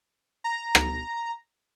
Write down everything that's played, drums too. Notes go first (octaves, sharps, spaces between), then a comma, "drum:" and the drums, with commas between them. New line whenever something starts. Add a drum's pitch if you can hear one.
A#5
drum: rim click